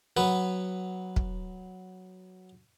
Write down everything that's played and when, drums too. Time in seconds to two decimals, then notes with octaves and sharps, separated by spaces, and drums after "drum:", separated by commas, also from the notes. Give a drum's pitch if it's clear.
0.17 F#3 B3 B4
1.16 drum: kick